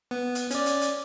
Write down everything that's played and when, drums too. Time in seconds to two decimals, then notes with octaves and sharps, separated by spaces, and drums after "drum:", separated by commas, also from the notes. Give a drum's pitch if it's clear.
0.11 B3
0.35 drum: hi-hat
0.51 C#4 D5, drum: hi-hat
0.66 drum: hi-hat
0.81 drum: hi-hat